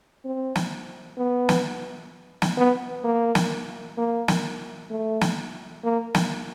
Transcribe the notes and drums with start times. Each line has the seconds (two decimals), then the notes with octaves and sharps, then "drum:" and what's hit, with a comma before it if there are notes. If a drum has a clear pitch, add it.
0.25 C4
0.55 drum: snare
1.18 B3
1.49 drum: snare
2.42 drum: snare
2.57 B3
3.04 A#3
3.35 drum: snare
3.97 A#3
4.28 drum: snare
4.91 A3
5.21 drum: snare
5.84 A#3
6.15 drum: snare